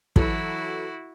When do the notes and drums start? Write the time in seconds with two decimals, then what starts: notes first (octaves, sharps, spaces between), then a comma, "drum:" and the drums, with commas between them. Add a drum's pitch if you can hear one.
0.16 E3 F#3 E4 F#4 A4, drum: kick